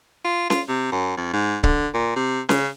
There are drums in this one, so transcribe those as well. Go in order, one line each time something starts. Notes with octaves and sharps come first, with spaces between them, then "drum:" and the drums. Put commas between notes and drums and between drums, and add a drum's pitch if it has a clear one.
F4
F4, drum: snare C#4
C3
F#2
F2
G#2
D3, drum: kick C#1
A#2
C3
C#3, drum: snare C#4